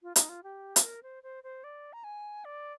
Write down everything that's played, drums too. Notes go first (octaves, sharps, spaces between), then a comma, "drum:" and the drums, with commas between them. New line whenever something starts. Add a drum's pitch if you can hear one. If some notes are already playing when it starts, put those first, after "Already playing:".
F4
D#4, drum: hi-hat
F4
G4
C5, drum: hi-hat
A#4
C5
C5
C5
D5
A#5
G#5
D5